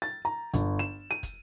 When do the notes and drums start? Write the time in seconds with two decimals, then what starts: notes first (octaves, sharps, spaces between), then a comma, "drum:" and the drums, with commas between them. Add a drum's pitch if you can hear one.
0.02 A6
0.25 A#5
0.54 G1, drum: kick, hi-hat
0.79 E7
1.11 D#7
1.23 drum: kick, hi-hat